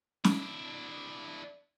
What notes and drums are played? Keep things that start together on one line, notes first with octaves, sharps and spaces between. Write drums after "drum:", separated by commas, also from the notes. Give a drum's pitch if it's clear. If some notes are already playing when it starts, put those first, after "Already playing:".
D4 E4, drum: snare